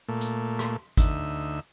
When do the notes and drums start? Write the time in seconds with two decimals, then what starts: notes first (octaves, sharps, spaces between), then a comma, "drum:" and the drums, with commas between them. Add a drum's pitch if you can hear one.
0.08 A#2 A3
0.21 drum: hi-hat
0.59 drum: rim click
0.97 D2 D#4 E5, drum: kick G#1, hi-hat